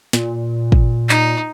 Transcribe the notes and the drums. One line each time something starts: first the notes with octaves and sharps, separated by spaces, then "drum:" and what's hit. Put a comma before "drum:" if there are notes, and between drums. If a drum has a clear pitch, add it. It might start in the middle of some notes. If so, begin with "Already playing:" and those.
A#2, drum: snare
drum: kick
D#4, drum: clap